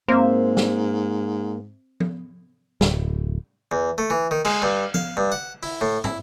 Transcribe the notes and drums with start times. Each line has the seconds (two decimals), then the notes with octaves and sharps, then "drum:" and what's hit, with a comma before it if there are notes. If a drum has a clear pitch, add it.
0.08 G#2 A#3 C4 C5 E5
0.57 drum: snare
2.00 drum: tom F3
2.81 D1, drum: snare
3.72 E2
3.98 A3
4.10 E3
4.31 D#3
4.45 G#3, drum: cymbal
4.62 G2
4.94 F5, drum: tom F3
5.17 G2
5.32 F#5
5.63 E4, drum: open hi-hat
5.81 A2
6.04 E4, drum: tom